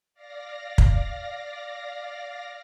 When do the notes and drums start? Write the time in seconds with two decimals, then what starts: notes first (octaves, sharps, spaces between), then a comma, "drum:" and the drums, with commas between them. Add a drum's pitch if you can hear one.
0.14 D5 F5 A#6
0.78 drum: kick